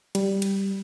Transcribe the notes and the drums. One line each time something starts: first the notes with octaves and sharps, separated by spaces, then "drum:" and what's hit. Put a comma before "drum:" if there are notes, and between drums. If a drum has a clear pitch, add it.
G3, drum: cymbal
drum: cymbal